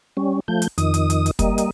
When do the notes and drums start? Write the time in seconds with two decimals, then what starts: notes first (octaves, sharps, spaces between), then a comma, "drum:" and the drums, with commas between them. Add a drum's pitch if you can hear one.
0.17 G3 C#4
0.48 F3 A3 G6
0.62 drum: hi-hat
0.78 F2 D#3 D#6, drum: hi-hat
0.94 drum: hi-hat
1.10 drum: hi-hat
1.26 drum: hi-hat
1.39 G3 A#3 D#5, drum: kick, hi-hat
1.58 drum: hi-hat